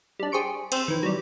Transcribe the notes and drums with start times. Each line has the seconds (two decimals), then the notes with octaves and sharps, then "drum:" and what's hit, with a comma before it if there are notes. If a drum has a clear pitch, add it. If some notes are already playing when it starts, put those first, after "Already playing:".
0.20 G3 D4
0.32 G4 G#4 C5 C#6 D7
0.72 C4 C5 E6, drum: cymbal
0.88 D#3 E3
1.03 F#3 G3